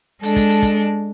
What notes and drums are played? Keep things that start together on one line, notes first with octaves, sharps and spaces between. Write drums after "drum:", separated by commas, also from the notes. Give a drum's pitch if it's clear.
G#3 D4 A4, drum: hi-hat
drum: kick, hi-hat
drum: hi-hat
drum: kick, hi-hat